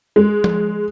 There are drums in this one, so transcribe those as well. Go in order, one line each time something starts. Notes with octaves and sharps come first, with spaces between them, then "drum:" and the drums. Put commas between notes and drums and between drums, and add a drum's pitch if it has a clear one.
G#3
drum: tom F3